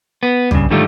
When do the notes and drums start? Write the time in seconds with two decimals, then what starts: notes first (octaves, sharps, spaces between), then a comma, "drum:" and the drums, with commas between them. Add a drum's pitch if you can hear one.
0.23 B3
0.51 G2 C#3, drum: tom B1
0.70 G#2 D3 D#3 G3 A3 F4